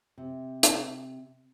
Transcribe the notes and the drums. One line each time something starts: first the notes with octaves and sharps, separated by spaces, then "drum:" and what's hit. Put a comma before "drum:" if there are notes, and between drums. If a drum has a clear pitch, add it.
C3
drum: hi-hat